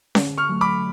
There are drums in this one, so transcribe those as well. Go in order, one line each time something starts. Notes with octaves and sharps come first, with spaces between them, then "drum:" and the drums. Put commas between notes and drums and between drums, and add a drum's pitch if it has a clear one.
D3, drum: snare C#4
C#6 F6
F#3 A3
B5 D6